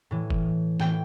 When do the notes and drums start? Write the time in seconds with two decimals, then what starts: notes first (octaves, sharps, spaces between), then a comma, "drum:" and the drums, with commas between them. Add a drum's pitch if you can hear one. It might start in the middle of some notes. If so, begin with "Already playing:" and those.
0.11 A2 E3
0.30 drum: kick
0.80 A2 E3 G5, drum: snare